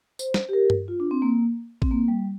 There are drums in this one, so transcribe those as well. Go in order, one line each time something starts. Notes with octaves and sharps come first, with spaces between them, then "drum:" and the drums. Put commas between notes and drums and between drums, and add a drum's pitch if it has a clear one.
C5, drum: tambourine
drum: snare
G4
A#4
drum: tom G2
F4
D4
C4
A#3
C4, drum: kick A1
A#3
G3